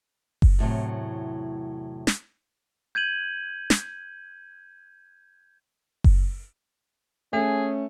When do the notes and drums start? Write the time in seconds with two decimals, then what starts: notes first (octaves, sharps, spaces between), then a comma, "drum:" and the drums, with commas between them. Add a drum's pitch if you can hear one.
0.42 drum: kick F#1
0.59 E2 A2 C3 F#3
2.07 drum: snare
2.95 G6 G#6 D#7 F#7
3.70 drum: snare
6.04 drum: kick F#1
7.33 A3 C#4 G#4